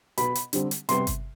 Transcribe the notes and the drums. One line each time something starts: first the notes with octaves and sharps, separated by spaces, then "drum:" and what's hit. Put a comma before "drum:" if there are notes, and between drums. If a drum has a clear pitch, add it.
B2 B3 B5, drum: hi-hat
drum: hi-hat
D3 G3 C4, drum: hi-hat
drum: hi-hat
C3 G3 B3 C6, drum: hi-hat
drum: kick G1, hi-hat